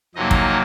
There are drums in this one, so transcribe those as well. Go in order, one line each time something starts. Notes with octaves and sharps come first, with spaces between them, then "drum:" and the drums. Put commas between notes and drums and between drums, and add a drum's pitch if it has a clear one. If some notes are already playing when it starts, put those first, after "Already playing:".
F2 C3 F#3 A#3 D#4 D#5
drum: kick